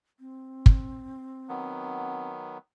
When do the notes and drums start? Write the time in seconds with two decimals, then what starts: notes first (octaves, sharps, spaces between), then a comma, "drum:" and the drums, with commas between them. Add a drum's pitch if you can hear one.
0.20 C4
0.66 drum: kick
1.49 D#3 F#3 B3